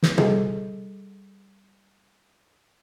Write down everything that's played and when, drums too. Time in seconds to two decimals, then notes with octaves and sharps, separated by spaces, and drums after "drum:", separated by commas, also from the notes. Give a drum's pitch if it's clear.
0.03 drum: snare
0.18 G3 G#4 A4, drum: tom